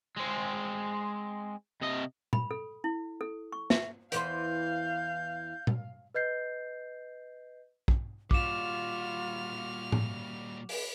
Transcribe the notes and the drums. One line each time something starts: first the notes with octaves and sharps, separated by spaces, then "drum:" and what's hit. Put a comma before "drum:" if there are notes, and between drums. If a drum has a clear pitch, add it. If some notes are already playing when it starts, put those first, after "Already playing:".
G#3 C4
C3 D#5
B5, drum: tom A#2
A4
E4
A4
C#6
E5, drum: snare
E2 E3 C5 F5 G6, drum: hi-hat
drum: tom A#2
B4 D#5 G6 C7
drum: kick
A#2 G3 F4 F#4 D6 F6 E7, drum: kick
drum: tom A2
drum: open hi-hat